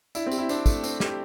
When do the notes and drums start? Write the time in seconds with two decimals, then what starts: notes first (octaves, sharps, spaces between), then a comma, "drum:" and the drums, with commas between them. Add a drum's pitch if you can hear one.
0.15 D4 E4, drum: tambourine
0.26 C4
0.32 G4, drum: tambourine
0.38 E4
0.49 C4 D4, drum: tambourine
0.66 A3, drum: kick, tambourine
0.84 C4, drum: tambourine
1.00 G4, drum: snare